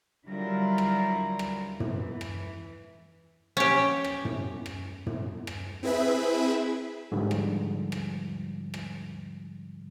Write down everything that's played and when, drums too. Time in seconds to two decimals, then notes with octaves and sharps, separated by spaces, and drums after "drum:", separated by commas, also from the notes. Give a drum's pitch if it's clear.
0.27 D3 F#3 G3 E4 F4 A#4
0.78 drum: rim click
1.39 drum: rim click
1.80 E3, drum: tom
2.21 drum: rim click
3.57 C#4 G4
4.04 drum: rim click
4.25 drum: tom
4.66 drum: rim click
5.06 drum: tom
5.47 drum: rim click
5.83 C4 E4 G#4 B4 E5 B5
7.12 G#2 D3 F3 G3
7.31 drum: rim click
7.92 drum: rim click
8.74 drum: rim click